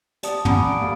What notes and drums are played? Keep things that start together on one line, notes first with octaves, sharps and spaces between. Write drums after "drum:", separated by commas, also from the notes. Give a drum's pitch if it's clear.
G4 D5 A5 D#6, drum: hi-hat
F#5 G#5 A#5 B5 D6 D#6, drum: tom
D7
A3 A#3 G4 F5